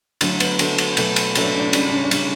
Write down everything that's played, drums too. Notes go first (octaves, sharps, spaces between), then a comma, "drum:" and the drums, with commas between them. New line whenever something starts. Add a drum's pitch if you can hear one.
D3 F#3 A3, drum: cymbal
B3, drum: cymbal
D3 F#3 A3, drum: cymbal
drum: cymbal
B2 F#3 A3, drum: cymbal
drum: cymbal
B2 F#3 A3 C#4, drum: cymbal
D4
C#4
D4
C#4
C#3 G3 D4, drum: cymbal
C#4
D4
C#4
D4
C#3 G3 C#4, drum: cymbal